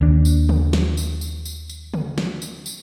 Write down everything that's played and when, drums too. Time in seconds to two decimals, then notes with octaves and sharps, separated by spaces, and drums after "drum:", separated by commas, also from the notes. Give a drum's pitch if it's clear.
0.01 D#2 D4
0.25 drum: tambourine
0.49 drum: tom C#3
0.73 drum: snare
0.97 drum: tambourine
1.21 drum: tambourine
1.45 drum: tambourine
1.70 drum: tambourine
1.94 drum: tom C#3
2.18 drum: snare
2.42 drum: tambourine
2.66 drum: tambourine